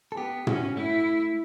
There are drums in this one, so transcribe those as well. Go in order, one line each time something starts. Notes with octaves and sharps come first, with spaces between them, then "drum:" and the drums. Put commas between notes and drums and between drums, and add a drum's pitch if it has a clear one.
A4
B3 G4
C#4 F#4, drum: tom
A3 E4